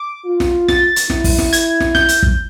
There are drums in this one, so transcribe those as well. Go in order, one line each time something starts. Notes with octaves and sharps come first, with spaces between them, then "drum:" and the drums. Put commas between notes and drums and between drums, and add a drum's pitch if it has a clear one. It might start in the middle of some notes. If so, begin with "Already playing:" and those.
Already playing: D6
F4
drum: snare
A6, drum: snare
drum: hi-hat
E4, drum: snare
drum: kick, open hi-hat
drum: snare
G#6, drum: hi-hat
drum: snare
G6, drum: snare
drum: hi-hat
drum: kick